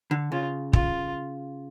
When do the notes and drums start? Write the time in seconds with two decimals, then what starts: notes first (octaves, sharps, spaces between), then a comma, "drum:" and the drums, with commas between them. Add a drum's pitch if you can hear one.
0.11 D3
0.32 C#3 F4
0.73 F4, drum: kick